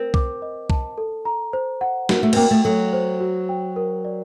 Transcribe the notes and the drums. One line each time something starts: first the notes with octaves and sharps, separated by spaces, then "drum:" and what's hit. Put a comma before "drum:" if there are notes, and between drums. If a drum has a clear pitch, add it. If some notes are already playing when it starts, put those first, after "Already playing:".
Already playing: C4 A#4
D6, drum: kick C2
D#5
A5, drum: kick C2
A4
A#5
C5
F#5
A#3 F#4, drum: snare
A3
C4, drum: cymbal
A#3 G5
A3
F#3 A4
C5
F#4
G5
A#4
D5